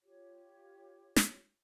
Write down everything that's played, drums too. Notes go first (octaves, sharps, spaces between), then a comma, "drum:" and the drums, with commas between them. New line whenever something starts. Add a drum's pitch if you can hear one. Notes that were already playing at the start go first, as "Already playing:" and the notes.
F4 G4 C#5
drum: snare